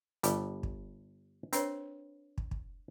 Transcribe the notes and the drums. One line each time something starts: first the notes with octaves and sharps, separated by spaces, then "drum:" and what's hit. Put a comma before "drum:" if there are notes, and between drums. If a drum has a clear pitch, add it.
G1 G3 A5, drum: hi-hat
drum: kick
C4 D4 B4 C#5, drum: hi-hat
drum: kick
drum: kick